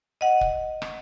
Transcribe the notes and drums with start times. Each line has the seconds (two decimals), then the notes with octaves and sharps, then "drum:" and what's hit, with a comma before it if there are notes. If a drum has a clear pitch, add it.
0.21 D#5 F#5
0.41 drum: kick
0.82 drum: rim click